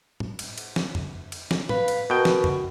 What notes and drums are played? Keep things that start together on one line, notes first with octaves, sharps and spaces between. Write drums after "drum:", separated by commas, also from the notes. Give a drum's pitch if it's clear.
drum: tom A2
drum: cymbal
drum: cymbal
drum: snare
drum: tom F2
drum: cymbal
drum: snare
B4 F5, drum: tom A2
drum: cymbal
B2 F#4 A#4 G5
drum: snare
drum: tom F2